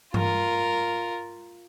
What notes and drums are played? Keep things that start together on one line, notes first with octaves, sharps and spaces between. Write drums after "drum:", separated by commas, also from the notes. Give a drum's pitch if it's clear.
F4 A#4, drum: tom G2